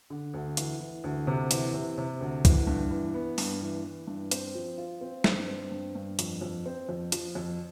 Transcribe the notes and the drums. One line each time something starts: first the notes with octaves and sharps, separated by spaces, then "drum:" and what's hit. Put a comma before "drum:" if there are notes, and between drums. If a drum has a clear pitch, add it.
D3
D2
E3, drum: hi-hat
E3
D2
C3
E3, drum: hi-hat
C3
C3
D2
E3, drum: kick, hi-hat
G2
E3
B3
G2, drum: open hi-hat
E3
E3
G2
C4, drum: hi-hat
F3
F4
C4
G2, drum: snare
C4
G2
G2
F2, drum: hi-hat
F2
C4
F2
F3, drum: hi-hat
F2